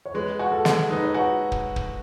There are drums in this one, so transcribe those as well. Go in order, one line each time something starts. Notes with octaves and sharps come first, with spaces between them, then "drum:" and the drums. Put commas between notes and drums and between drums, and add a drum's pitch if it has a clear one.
C#5
G#3 B4
F#4
A4
G#3, drum: snare
D#4 B4
C#5
F#4 B4
drum: kick
drum: kick